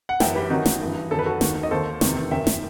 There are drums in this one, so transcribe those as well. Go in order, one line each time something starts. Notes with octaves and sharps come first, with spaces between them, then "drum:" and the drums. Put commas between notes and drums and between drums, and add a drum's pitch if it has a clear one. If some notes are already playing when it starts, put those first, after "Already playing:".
F#5
F#2 E3 E5 G5, drum: snare
G4 B4
F#2 D#3 D#4 F#4
drum: snare
G2 E3
F#2 D#3 A4
B4
F#4 A4
D#2 D#3, drum: snare
D#5
D#2 D#3 A4 C5
E2 C3 D#3, drum: snare
F#2 D#3 E5 G5
drum: snare